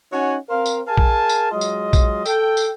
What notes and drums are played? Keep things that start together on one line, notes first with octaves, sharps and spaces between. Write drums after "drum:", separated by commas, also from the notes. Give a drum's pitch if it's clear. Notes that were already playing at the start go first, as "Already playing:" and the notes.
C#4 D#4 F#4 C#5 F#5 G#5
C4 A#4 C5 F5
drum: tambourine
G#4 A#4 F5 G#5 A5
drum: kick A#1
drum: tambourine
F#3 G#3 F4 D#5
drum: tambourine
drum: kick A#1, tambourine
A4 G5, drum: tambourine
drum: tambourine